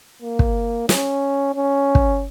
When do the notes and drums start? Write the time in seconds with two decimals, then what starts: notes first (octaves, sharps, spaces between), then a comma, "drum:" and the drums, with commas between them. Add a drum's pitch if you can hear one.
0.22 A#3
0.39 drum: kick
0.89 C#4, drum: snare
1.55 C#4
1.95 drum: kick